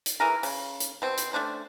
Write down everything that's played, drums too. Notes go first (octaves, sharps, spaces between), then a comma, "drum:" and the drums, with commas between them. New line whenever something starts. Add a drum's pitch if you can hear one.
drum: hi-hat
E3 G#4 A#4
C#3, drum: open hi-hat
drum: hi-hat
B2 C4
drum: hi-hat
A3 C#4 D4 C5